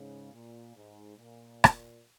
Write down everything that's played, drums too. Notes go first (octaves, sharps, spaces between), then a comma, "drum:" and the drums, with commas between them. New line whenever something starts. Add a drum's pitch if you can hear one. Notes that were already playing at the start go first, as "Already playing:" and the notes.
Already playing: G#2 C#3
A#2
G#2
A#2
drum: rim click